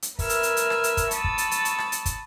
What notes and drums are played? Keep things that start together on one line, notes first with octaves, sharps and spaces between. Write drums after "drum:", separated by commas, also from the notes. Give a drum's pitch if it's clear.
drum: hi-hat
A#4 B4 E5 E6 F6 G#6, drum: kick, open hi-hat
drum: hi-hat
drum: hi-hat
drum: hi-hat
drum: rim click
drum: hi-hat
drum: kick, hi-hat
A5 B5 C#6 D#6 E6 A6, drum: hi-hat
drum: kick
drum: hi-hat
drum: hi-hat
drum: hi-hat
drum: rim click
drum: hi-hat
drum: kick, hi-hat